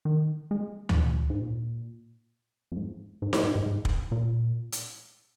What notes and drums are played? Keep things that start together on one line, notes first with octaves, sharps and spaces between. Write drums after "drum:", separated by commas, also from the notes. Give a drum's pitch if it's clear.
D#3
G#3
G#2, drum: tom D2
A#2
G#2
A#2
F2
G#2
G#2
A#2, drum: snare D#4
G#2
G#2
G#2
drum: kick
A#2
drum: hi-hat